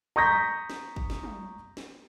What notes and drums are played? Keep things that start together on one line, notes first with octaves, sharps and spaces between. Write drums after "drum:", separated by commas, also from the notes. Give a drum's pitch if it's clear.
A#5 C#6 D#6 G6 A#6 B6, drum: tom
drum: snare
drum: kick
drum: snare
drum: tom
drum: snare